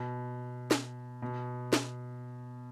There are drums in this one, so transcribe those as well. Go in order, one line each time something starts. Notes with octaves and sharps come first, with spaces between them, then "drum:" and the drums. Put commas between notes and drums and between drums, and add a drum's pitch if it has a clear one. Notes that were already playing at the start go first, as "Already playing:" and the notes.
Already playing: B2
drum: snare
B2
drum: snare